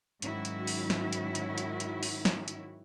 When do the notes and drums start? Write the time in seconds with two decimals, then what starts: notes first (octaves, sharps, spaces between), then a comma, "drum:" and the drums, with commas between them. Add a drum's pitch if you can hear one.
0.22 G#2 D#3 F#3 C#4 E4 F#4, drum: hi-hat
0.45 drum: hi-hat
0.67 drum: open hi-hat
0.90 drum: snare
1.12 drum: hi-hat
1.35 drum: hi-hat
1.58 drum: hi-hat
1.80 drum: hi-hat
2.03 drum: open hi-hat
2.25 drum: snare
2.48 drum: hi-hat